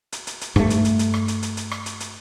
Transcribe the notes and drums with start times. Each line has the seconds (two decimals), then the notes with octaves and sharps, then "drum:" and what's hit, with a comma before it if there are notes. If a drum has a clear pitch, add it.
0.12 drum: hi-hat
0.27 drum: hi-hat
0.41 drum: hi-hat
0.56 G2 A3, drum: rim click
0.70 drum: hi-hat
0.85 drum: hi-hat
0.99 drum: hi-hat
1.14 drum: rim click
1.28 drum: hi-hat
1.43 drum: hi-hat
1.57 drum: hi-hat
1.71 drum: rim click
1.86 drum: hi-hat
2.00 drum: hi-hat